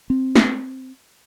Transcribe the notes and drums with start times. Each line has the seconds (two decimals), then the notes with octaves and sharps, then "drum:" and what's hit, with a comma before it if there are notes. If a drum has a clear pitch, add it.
0.10 C4
0.36 drum: snare